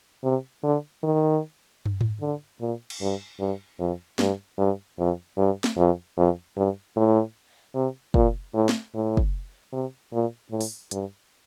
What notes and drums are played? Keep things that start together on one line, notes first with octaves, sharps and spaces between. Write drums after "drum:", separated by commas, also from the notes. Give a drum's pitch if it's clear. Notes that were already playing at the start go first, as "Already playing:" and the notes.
C3
D3
D#3
drum: tom
drum: tom G#2
D3
A#2
drum: cymbal
G2
G2
F2
G2, drum: snare
G2
F2
G2
drum: snare
F2
F2
G2
A2
C3
A#2, drum: kick
A2
drum: snare
A2
drum: kick
C3
A#2
A2
drum: open hi-hat
G2, drum: hi-hat